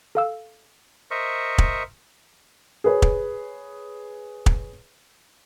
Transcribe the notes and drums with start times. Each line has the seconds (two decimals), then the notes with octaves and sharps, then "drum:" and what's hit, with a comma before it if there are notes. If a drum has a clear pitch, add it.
0.15 A4 F5 E6
1.11 A#4 C5 D#5 E5 C#6
1.58 drum: kick
2.84 G#4 B4 C#5
3.02 drum: kick
4.46 drum: kick